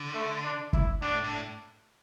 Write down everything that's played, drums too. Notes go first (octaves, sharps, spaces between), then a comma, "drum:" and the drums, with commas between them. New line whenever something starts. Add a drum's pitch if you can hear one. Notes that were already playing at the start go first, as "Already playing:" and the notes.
Already playing: D3
A3
D4
E4, drum: kick
A2 D4
A2